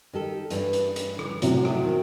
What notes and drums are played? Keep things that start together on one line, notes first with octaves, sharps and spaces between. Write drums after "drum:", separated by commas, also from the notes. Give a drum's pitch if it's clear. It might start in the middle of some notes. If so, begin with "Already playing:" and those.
D#3 G4 A4
G2 E3, drum: hi-hat
drum: hi-hat
drum: hi-hat
drum: rim click
A2 C3 F#3, drum: hi-hat
drum: rim click
D#3 C4